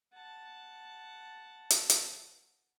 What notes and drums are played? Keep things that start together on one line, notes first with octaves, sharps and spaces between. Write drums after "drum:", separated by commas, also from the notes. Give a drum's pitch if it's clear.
F#5 A5
drum: hi-hat
drum: hi-hat